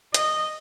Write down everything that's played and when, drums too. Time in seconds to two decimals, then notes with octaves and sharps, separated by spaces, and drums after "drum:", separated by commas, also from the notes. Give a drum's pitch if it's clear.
0.14 D#5, drum: hi-hat